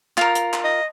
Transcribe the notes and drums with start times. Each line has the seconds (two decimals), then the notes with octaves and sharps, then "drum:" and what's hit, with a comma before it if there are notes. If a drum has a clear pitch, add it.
0.17 F4 A#4, drum: clap
0.35 drum: hi-hat
0.53 drum: clap
0.65 D#5